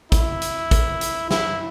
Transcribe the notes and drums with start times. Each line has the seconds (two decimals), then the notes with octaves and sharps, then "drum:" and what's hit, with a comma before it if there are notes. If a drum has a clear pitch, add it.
0.12 E4, drum: kick, hi-hat
0.42 drum: hi-hat
0.71 drum: kick, hi-hat
1.01 drum: hi-hat
1.31 E4, drum: snare